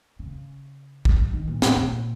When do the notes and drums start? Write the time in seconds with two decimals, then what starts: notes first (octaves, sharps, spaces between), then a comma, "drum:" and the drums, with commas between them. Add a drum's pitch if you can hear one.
0.19 C#3
1.05 C#3, drum: kick
1.20 F#3
1.33 D#3
1.48 A#2
1.62 A#2, drum: snare
1.76 A#2